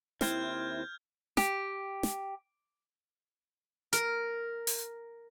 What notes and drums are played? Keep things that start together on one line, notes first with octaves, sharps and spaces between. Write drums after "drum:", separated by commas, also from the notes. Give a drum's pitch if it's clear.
D#2 C4 E4 C5 F6 G6 G#6, drum: snare
G4, drum: snare
drum: snare
A#4, drum: hi-hat
drum: open hi-hat